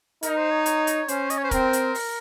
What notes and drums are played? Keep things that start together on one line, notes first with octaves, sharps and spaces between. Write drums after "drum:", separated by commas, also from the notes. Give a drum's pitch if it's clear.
D#4 A#4, drum: hi-hat
C5
C#5
C#5, drum: hi-hat
drum: hi-hat
C#4 C5, drum: hi-hat
D#5, drum: hi-hat
C#5
C5
C4 A#4, drum: kick, hi-hat
drum: hi-hat
drum: open hi-hat